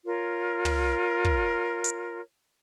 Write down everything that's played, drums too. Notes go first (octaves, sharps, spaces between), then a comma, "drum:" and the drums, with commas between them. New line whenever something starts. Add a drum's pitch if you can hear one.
F4 A#4 C#5
drum: tom
drum: kick
drum: hi-hat